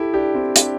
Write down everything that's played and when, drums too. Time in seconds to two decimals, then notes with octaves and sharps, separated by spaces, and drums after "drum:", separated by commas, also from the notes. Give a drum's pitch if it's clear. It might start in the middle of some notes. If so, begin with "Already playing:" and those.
Already playing: E4 G4 A4
0.14 D4 G4
0.35 C4 E4
0.56 D4 G4, drum: hi-hat